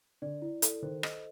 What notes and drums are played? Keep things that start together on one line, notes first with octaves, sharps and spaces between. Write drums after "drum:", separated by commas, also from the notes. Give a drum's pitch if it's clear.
D3 D5
E4
A4, drum: hi-hat
D#3 C5
D#5, drum: rim click